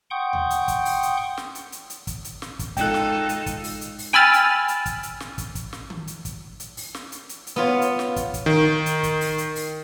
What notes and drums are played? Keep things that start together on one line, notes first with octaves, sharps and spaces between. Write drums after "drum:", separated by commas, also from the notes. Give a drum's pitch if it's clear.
F#5 G5 C6 C#6 D#6 G6
drum: tom D2
drum: hi-hat
drum: kick, hi-hat
drum: open hi-hat
drum: hi-hat
drum: snare
drum: hi-hat
drum: hi-hat
drum: hi-hat
drum: kick, hi-hat
drum: hi-hat
drum: snare
drum: kick, hi-hat
G#3 D#4 F4 A4 G5 F#6, drum: kick, hi-hat
drum: snare
drum: hi-hat
drum: kick, hi-hat
drum: open hi-hat
drum: hi-hat
drum: open hi-hat
G5 G#5 B5 E6 F6 A6, drum: snare
drum: hi-hat
drum: hi-hat
drum: kick, hi-hat
drum: hi-hat
drum: snare
drum: kick, hi-hat
drum: kick, hi-hat
drum: snare
drum: tom D#3
drum: hi-hat
drum: kick, hi-hat
drum: hi-hat
drum: open hi-hat
drum: snare
drum: hi-hat
drum: hi-hat
drum: hi-hat
B3 F4 C#5
drum: hi-hat
drum: snare
drum: kick, hi-hat
drum: kick, hi-hat
D#3
drum: hi-hat
drum: kick, hi-hat
drum: open hi-hat
drum: hi-hat
drum: open hi-hat